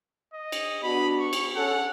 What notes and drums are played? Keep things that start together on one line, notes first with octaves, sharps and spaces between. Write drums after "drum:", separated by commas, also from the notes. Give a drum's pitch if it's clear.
D#5
drum: cymbal
B3 D4 F#4 B5
C#6
drum: cymbal
C#4 A4 F#5